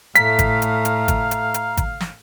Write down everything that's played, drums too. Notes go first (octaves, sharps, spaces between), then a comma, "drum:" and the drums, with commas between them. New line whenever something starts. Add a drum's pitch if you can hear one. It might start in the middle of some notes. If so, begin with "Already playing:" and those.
A2 A3 F5 A#5 B6, drum: hi-hat
drum: kick G#1, hi-hat
drum: hi-hat
drum: hi-hat
drum: kick G#1, hi-hat
drum: hi-hat
drum: hi-hat
drum: kick G#1, hi-hat
drum: snare